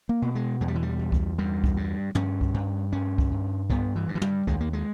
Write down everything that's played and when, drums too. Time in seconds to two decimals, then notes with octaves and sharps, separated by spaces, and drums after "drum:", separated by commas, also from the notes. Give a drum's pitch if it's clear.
0.09 A#3
0.22 B2
0.35 G#3
0.61 E2 G#3
0.68 G3
0.75 E3
0.83 G3
0.99 E2
1.12 drum: kick C2
1.38 G2 G3
1.64 drum: kick C2
1.77 G2
2.15 G2 C#4, drum: tom
2.41 drum: kick C2
2.54 G2
2.92 G2 C#4
3.18 drum: kick C2
3.31 G2
3.70 G2 B3, drum: kick C2
3.96 E3
4.08 G2
4.15 E3
4.22 G3, drum: tom
4.47 D#2 G#3, drum: kick C2
4.61 A#3
4.73 G#3